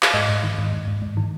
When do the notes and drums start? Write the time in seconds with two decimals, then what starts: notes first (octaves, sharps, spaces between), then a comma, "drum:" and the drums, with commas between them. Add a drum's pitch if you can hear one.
0.02 F5, drum: clap
0.14 G#2 D#5
0.29 G#2
0.43 D#3
0.58 G#2
0.73 G#2
0.88 G#2
1.02 G#2
1.17 D#3